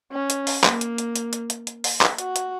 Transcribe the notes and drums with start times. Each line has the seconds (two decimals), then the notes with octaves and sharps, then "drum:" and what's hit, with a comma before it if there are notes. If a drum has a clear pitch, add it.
0.12 C#4
0.30 drum: hi-hat
0.47 drum: open hi-hat
0.64 A#3, drum: clap
0.81 drum: hi-hat
0.98 drum: hi-hat
1.16 drum: hi-hat
1.33 drum: hi-hat
1.50 drum: hi-hat
1.67 drum: hi-hat
1.84 drum: open hi-hat
2.01 drum: clap
2.18 F#4, drum: hi-hat
2.36 drum: hi-hat